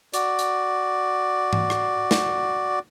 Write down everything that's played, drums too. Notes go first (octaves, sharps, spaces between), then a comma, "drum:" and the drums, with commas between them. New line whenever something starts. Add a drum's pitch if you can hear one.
F#4 D5, drum: hi-hat
drum: hi-hat
drum: tom G#2
drum: rim click
drum: snare